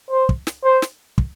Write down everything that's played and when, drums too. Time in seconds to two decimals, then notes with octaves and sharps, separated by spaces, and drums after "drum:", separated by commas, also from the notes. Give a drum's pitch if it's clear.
0.11 C5
0.29 drum: kick
0.47 drum: snare
0.64 C5
0.82 drum: snare
1.18 drum: kick